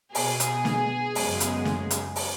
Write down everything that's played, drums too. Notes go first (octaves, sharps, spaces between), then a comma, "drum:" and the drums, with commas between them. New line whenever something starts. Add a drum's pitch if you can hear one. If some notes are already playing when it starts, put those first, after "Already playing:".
B2 B3 G#4, drum: open hi-hat
drum: hi-hat
drum: snare
F#2 C#3 G#3 B3, drum: open hi-hat
drum: hi-hat
drum: snare
drum: hi-hat
drum: open hi-hat